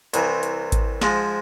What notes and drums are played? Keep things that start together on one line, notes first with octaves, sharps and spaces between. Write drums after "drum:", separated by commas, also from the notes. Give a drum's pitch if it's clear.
C2 C3 E3, drum: hi-hat
drum: hi-hat
drum: kick G#1, hi-hat
G#2 F3 G#3, drum: snare